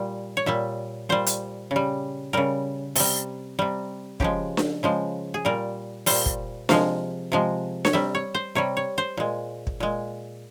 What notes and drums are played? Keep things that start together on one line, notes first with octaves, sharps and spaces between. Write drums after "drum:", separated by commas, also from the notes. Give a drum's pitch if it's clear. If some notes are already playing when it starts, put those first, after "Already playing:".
Already playing: A#2 G3
C#5
A#2 G3 E5
A#2 G3 C5
drum: hi-hat
C#3
G3
C#3 G3 A#4
C3 G3, drum: open hi-hat
C3 G3
C#3 F3 G#3 G4, drum: kick
drum: snare D4
C#3 F3 G#3
G#4
A#2 G3 A#4
A#2 G3 C5, drum: open hi-hat
drum: kick
C3 F3 G#3 F5, drum: snare D4
C3 F3 G#3
C#5, drum: snare D4
C3 G3 E5
C#5
C5
C3 G3 C#5
C#5
C5
A#2 G#3
drum: kick
A#2 G#3